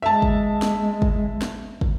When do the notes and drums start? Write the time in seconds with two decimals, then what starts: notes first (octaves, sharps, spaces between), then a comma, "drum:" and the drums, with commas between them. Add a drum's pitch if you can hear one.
0.02 G#3 E5 A5
0.22 drum: kick
0.62 drum: snare
1.02 drum: kick
1.42 drum: snare
1.81 drum: kick